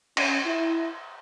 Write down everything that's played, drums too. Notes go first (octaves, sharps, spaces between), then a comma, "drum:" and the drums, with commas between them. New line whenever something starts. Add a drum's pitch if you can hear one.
C#4, drum: cymbal
E4